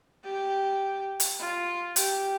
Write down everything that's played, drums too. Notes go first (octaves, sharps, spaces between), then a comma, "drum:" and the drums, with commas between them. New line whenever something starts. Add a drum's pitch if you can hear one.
G4
drum: hi-hat
F4
G4, drum: hi-hat